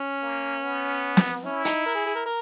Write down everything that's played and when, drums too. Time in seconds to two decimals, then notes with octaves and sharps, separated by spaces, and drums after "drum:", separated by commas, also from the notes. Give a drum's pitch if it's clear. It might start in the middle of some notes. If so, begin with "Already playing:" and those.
Already playing: C#4
0.22 A#3
0.62 B3
1.17 drum: snare
1.44 C#4 E4
1.65 D#4, drum: hi-hat
1.86 A#4
1.95 G#4
2.06 G#4
2.15 A#4
2.26 A#4